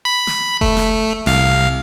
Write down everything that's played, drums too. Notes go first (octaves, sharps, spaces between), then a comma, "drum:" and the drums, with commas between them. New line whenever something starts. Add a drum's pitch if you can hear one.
B5
drum: snare
A3, drum: kick F1
drum: snare
C2 F5, drum: snare